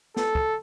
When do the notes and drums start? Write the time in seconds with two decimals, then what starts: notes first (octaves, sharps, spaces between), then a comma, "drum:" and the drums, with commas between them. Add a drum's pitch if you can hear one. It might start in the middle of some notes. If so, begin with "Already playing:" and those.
0.17 A4, drum: snare
0.35 drum: kick